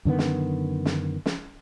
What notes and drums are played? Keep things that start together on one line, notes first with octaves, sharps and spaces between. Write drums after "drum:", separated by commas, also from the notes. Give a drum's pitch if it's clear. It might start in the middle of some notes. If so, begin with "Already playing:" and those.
F#2 D3 D#3 B3
drum: snare
drum: snare
drum: snare